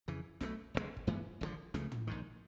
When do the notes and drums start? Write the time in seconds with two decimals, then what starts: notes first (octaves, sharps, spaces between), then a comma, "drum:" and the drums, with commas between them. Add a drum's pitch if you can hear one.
0.08 F2 C#3 E3
0.41 B1 B2 F#3 A3, drum: snare
0.74 F#1 E2 B2 G#3
0.97 drum: kick
1.07 G2 E3 G#3 B3
1.41 G#1 F#2 D3 F3
1.74 C#2 C#3 F3 A3, drum: snare
1.92 drum: tom
2.07 A#1 G#2 D#3